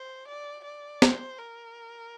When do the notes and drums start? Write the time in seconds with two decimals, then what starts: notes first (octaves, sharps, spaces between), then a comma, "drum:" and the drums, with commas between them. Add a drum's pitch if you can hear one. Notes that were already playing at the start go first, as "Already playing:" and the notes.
Already playing: C5
0.28 D5
0.65 D5
1.02 C5, drum: snare
1.39 A#4